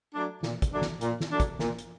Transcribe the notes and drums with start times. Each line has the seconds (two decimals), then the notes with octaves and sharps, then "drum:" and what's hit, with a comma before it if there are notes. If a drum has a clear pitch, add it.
0.14 F#3 A3 D4
0.43 A#2, drum: snare
0.62 drum: kick, hi-hat
0.72 F#3 A3 D4
0.82 drum: snare
1.01 A#2, drum: hi-hat
1.20 drum: snare
1.31 F#3 A3 D4
1.40 drum: kick, hi-hat
1.59 A#2, drum: snare
1.79 drum: hi-hat